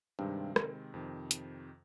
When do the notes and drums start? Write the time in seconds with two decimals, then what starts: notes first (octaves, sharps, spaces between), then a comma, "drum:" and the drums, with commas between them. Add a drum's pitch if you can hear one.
0.19 G2 C3 D#3 G#3 C4
0.56 drum: rim click
0.94 F2 C3 D#3
1.31 drum: hi-hat